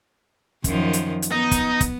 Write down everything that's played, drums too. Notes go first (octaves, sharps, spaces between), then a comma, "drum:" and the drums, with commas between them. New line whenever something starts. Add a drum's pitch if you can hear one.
F#2 D#3 F3, drum: kick, hi-hat
drum: hi-hat
drum: hi-hat
B3 D#4
drum: kick, hi-hat
drum: kick, hi-hat